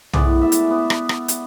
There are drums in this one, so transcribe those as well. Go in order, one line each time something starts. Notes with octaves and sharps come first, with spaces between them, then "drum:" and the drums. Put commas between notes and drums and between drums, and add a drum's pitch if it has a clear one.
A2 G#3 B3 D5, drum: tom
E5
drum: hi-hat
B3
drum: rim click
drum: rim click
drum: hi-hat